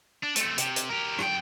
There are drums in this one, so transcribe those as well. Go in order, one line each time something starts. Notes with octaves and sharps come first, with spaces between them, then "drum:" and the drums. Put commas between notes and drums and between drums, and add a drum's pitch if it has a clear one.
D4
A3 C4, drum: hi-hat
C3, drum: hi-hat
drum: hi-hat
G4 A#4
F#2 G5, drum: rim click